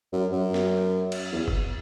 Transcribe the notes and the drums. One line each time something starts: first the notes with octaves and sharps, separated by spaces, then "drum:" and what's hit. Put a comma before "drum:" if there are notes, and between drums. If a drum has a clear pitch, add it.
F#2
F#2
drum: snare
drum: cymbal
E2
drum: kick G1